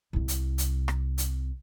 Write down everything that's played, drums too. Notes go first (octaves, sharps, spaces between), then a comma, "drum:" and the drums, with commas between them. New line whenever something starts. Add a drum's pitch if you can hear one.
C2 C3
drum: hi-hat
drum: hi-hat
drum: rim click
drum: hi-hat